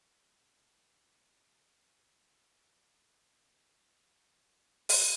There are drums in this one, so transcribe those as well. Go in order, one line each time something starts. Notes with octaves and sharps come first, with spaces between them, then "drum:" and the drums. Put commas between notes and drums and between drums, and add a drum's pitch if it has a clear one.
D2 G#2
F#2 G#4 D#5 F#5 G#5 C6
A#4
F#3
D#3 F#3 G3 A#3 D#4
F2 C4 F#4
D#7
E5 C#6
drum: open hi-hat